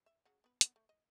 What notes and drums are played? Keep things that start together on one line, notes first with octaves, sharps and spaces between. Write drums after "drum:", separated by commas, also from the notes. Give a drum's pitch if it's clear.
E5
C#3 F#3 F#5
B3 B4
B3 A#4, drum: hi-hat
A3
D#5